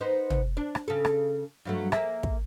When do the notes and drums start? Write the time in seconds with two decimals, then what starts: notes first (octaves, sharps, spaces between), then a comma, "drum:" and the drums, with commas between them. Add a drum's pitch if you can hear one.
0.01 B3 D#4 C5
0.30 drum: tom
0.57 D4
0.75 drum: rim click
0.88 C#3 A4
1.05 drum: rim click
1.65 G2 F#3 A3
1.92 A#3 G#4 E5, drum: rim click
2.23 drum: kick